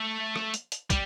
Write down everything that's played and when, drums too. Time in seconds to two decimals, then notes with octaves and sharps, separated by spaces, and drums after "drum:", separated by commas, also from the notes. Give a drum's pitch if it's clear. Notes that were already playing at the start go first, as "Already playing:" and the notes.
Already playing: A3
0.36 drum: rim click
0.54 drum: hi-hat
0.72 drum: hi-hat
0.90 G3, drum: kick, hi-hat